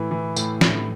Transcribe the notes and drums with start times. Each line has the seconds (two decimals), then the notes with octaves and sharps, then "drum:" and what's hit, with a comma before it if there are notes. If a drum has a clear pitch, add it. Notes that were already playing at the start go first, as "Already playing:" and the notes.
Already playing: A2 E3
0.11 E3
0.36 A2, drum: tambourine
0.61 A2, drum: snare